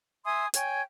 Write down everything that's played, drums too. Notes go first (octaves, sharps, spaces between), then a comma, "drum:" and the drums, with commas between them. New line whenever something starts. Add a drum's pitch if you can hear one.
E5 G#5 C6 D#6
C#5 G5 G#5, drum: hi-hat